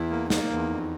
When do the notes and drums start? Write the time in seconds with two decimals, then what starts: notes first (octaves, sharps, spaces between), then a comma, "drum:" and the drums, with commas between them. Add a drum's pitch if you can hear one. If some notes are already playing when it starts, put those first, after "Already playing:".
Already playing: E2 E4
0.10 A#3
0.30 A#3 D#4, drum: snare
0.50 E2
0.70 F2